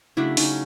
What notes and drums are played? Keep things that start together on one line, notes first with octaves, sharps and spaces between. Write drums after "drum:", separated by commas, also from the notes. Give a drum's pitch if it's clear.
C#3 F#3 A3 D4 E4
C#4 D#4, drum: open hi-hat